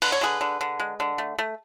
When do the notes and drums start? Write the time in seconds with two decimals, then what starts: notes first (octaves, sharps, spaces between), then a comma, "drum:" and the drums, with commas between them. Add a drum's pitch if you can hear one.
0.02 D3 B4, drum: open hi-hat
0.12 C#5
0.21 D3 G#4 B4
0.41 D3
0.61 D3
0.80 G#3
1.00 D3
1.18 A3
1.39 A3